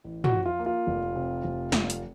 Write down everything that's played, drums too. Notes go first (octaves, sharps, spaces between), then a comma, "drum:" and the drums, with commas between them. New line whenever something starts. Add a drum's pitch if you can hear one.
A1
F#4, drum: tom
F3
F4
A#3
F4
F1
C3
F1
F1, drum: snare
drum: hi-hat